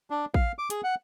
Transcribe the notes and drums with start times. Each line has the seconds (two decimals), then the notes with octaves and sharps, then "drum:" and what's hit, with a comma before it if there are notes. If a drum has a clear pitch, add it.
0.10 D4
0.34 F5, drum: kick A1
0.58 D6
0.70 G#4, drum: hi-hat
0.84 F#5